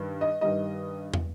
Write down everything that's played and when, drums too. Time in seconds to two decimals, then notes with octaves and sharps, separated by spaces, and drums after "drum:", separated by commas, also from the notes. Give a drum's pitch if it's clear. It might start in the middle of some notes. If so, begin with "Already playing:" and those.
Already playing: G2 D#3 G3
0.21 D#5
0.41 G2 D#3 G3 D#5
1.14 drum: tom